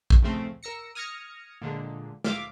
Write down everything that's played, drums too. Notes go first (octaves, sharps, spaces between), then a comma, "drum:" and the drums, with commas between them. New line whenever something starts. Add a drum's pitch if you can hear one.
drum: kick
C#3 F3 A3 C4
A#4 E6 A#6 C#7
D#6 F6 G#6 A#6 C#7
A#2 D3 G#3
F4 E5 F5 D6, drum: snare